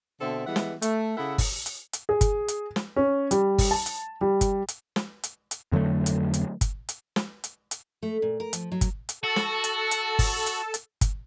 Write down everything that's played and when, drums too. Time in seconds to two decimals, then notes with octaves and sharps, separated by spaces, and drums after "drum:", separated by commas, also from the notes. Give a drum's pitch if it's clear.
0.21 B2 D3 C4 A4 E5
0.46 E3 G3 G#3 B3 E5 F#5
0.56 drum: snare
0.82 A3, drum: hi-hat
1.17 C#3 E4 A4 E5 F#5
1.38 drum: kick G1, open hi-hat
1.66 drum: hi-hat
1.93 drum: hi-hat
2.09 G#4
2.21 drum: kick G1, hi-hat
2.48 drum: hi-hat
2.76 drum: snare
2.96 C#4
3.31 G3, drum: hi-hat
3.58 drum: kick G1, open hi-hat
3.71 A5
3.86 drum: hi-hat
4.21 G3
4.41 drum: kick G1, hi-hat
4.68 drum: hi-hat
4.96 drum: snare
5.23 drum: hi-hat
5.51 drum: hi-hat
5.72 F2 D3 F#3 A3
6.06 drum: hi-hat
6.34 drum: hi-hat
6.61 drum: kick G1, hi-hat
6.89 drum: hi-hat
7.16 drum: snare
7.44 drum: hi-hat
7.71 drum: hi-hat
8.03 A3
8.22 A#2
8.40 A#4
8.53 F3, drum: hi-hat
8.72 F#3
8.81 drum: kick G1, hi-hat
9.09 drum: hi-hat
9.23 F#4 A4 A5
9.36 drum: snare
9.64 drum: hi-hat
9.91 drum: hi-hat
10.19 drum: kick G1, open hi-hat
10.46 drum: hi-hat
10.74 drum: hi-hat
11.01 drum: kick G1, hi-hat